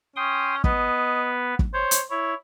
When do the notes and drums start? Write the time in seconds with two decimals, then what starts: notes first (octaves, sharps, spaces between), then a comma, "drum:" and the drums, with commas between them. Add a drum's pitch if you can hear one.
0.16 C#4 G5 C6 D#6
0.64 B3 B4 D#5, drum: kick
1.59 drum: kick
1.74 C5 C#5
1.91 drum: hi-hat
2.10 E4 C#5